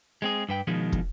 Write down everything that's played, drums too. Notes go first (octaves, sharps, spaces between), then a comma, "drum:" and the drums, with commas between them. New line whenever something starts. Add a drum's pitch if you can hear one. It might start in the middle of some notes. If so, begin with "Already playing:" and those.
G#3 C4 G#4
G2 B4 G5
B2 D#3 F3 G#3
drum: kick